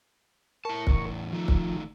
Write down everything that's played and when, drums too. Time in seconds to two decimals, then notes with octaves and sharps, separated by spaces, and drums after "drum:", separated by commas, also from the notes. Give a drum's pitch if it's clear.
0.65 E4 A#4 A5 C#6
0.87 E2 A2, drum: kick
1.33 D#3 F3 A3
1.48 drum: kick